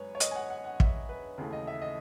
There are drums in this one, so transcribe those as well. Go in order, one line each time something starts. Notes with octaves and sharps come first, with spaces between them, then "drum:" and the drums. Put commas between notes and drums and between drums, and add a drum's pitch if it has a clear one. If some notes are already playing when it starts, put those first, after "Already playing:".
Already playing: F#2 G#3 B4 C#5
C#5
D#5, drum: hi-hat
G#5
F#5
F#5
F#5
E5, drum: kick
B4
D#2 C#3 E3 A3
D#5
E5
D#5